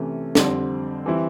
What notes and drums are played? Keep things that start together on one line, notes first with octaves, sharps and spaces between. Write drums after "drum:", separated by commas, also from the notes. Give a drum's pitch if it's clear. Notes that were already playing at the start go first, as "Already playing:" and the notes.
Already playing: C3 E3 A3 C#4
F2 D3 G3 C4, drum: snare
E3 G3 C4 E4